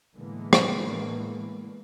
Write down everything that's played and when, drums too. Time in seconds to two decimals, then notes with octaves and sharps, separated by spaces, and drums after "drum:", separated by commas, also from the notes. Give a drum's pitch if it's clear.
0.16 A2 D3 E3 G#3 A#3 B3
0.53 drum: rim click